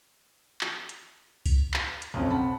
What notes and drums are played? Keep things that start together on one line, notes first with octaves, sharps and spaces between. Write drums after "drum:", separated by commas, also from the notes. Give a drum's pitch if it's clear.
drum: clap
drum: hi-hat
drum: kick C2, open hi-hat
drum: clap
drum: hi-hat
B1 F2 C#3 C4
F#5 A5 B5